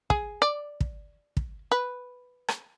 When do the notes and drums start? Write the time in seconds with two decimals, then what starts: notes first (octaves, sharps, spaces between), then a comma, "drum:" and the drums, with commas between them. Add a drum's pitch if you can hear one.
0.10 G#4, drum: kick
0.42 D5
0.80 drum: kick
1.37 drum: kick
1.72 B4
2.48 drum: rim click